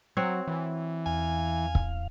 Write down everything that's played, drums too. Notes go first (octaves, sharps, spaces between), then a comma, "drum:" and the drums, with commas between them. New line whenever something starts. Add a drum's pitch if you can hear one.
F#3 C4 F#4 C#5
E3
E2 F5 G#5
drum: kick C#1